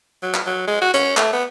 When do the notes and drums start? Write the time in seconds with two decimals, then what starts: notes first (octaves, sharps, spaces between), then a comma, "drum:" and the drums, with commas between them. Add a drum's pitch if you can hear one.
0.22 F#3
0.34 drum: clap
0.46 F#3
0.67 G#3
0.81 F#4
0.94 C#4, drum: hi-hat
1.17 A3, drum: clap
1.33 B3